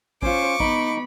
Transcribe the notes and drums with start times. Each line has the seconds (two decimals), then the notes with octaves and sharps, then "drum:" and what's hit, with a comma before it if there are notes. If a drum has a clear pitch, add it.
0.22 C#4 F4 C5 C#6 D6, drum: kick A1
0.60 B3 D#4 B5, drum: kick A1